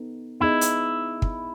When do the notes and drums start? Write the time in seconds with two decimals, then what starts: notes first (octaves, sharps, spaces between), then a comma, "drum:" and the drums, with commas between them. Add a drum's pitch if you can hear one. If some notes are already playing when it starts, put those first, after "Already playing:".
Already playing: B3 D#4 A4
0.40 B3 D#4 E4 G#4 D#5
0.61 drum: hi-hat
1.22 drum: kick